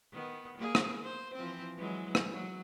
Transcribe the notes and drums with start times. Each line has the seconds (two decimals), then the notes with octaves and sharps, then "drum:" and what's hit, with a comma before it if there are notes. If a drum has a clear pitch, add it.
0.12 D#3 B3
0.57 A#3 G#4
0.75 drum: rim click
1.03 C5
1.35 E3 F3 C4
1.77 E3 F#3 G#3
2.15 drum: rim click
2.31 F#3